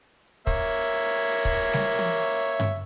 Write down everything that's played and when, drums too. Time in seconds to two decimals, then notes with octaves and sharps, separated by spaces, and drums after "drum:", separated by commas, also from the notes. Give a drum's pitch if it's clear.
0.47 A#3 C#5 E5, drum: kick
1.45 drum: kick
1.73 drum: snare G3
1.99 drum: tom
2.60 drum: tom G2